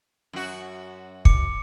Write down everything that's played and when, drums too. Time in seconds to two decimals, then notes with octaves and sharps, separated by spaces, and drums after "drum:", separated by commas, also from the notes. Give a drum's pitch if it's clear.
0.33 F#2 F#4
1.25 D6 C#7, drum: kick